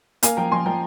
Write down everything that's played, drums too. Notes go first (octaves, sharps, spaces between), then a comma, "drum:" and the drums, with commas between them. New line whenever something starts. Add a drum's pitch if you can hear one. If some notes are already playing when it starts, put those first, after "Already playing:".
A#3 F5 G#5, drum: hi-hat
F3 G5 A#5
F3 G#5 C6
F3 G5 A#5